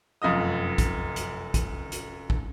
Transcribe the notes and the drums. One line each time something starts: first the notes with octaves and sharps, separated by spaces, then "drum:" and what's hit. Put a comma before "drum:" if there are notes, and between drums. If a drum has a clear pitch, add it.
F1 F#2 F4 D#5 D#6
drum: kick, hi-hat
drum: hi-hat
drum: kick, hi-hat
drum: hi-hat
drum: kick